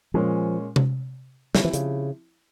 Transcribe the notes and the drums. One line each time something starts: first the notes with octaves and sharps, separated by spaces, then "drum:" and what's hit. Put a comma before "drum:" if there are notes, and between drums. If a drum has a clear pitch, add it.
A#2 F3 G#3 C#4
drum: tom C3
C#3 F3 C4 E4 G4, drum: snare
E3
C#3, drum: hi-hat